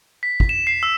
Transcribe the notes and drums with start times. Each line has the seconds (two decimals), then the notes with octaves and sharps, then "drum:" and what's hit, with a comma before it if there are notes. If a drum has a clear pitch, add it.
0.23 B6
0.40 drum: kick
0.49 E7
0.67 C7
0.83 E6